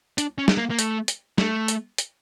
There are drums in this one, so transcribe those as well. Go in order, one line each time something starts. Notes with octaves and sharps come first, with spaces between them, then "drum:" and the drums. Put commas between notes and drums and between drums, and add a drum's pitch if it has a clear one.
D4, drum: hi-hat
C#4
drum: snare
A#3
A#3
A3, drum: hi-hat
drum: hi-hat
A3, drum: snare
drum: hi-hat
drum: hi-hat